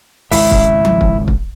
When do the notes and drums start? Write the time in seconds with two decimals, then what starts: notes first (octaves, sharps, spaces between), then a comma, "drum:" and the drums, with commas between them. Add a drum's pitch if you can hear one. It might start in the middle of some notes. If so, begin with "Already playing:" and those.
0.31 G#1 C#2 C#3 E4 E5, drum: open hi-hat
0.51 drum: kick
0.85 drum: tom F3
1.01 drum: kick
1.28 drum: kick